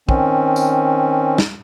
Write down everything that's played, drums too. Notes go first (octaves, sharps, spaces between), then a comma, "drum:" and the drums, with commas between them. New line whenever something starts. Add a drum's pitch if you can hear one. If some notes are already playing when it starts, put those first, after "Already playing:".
D#3 C4 C#4, drum: kick
drum: tambourine
drum: snare